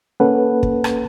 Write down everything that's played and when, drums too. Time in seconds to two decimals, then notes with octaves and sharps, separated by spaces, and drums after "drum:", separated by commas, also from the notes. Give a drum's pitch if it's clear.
0.20 A#3 C#4 A4 B4 F#5
0.63 drum: kick
0.84 drum: rim click